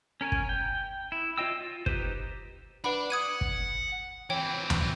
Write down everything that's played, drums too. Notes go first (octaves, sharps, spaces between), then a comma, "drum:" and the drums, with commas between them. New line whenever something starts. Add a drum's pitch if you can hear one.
C#4 A#4 C#5 G#5
drum: kick
G5
E4
F4 C#5 D#5 G5 E6
F4
D#4 G4 B4 C5, drum: kick
D4 B4 F#5 B5
F#5 D#6 G#6 D#7
drum: kick
E3 C4 C#5 G5
drum: tom D2